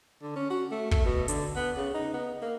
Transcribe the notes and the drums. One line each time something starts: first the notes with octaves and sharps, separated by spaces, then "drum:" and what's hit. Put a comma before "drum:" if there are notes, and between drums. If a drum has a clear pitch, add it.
D3
C#4
F#4
A3
A3, drum: kick
B2
D3, drum: hi-hat
B3
C#3
D#4
B3
A#3